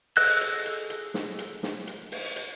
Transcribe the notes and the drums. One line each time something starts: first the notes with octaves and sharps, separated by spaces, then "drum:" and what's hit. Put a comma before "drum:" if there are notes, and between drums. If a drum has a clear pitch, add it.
G#4 A4 D#5 E6 F#6, drum: open hi-hat
drum: hi-hat
drum: hi-hat
drum: hi-hat
drum: snare
drum: hi-hat
drum: snare
drum: hi-hat
drum: open hi-hat
drum: hi-hat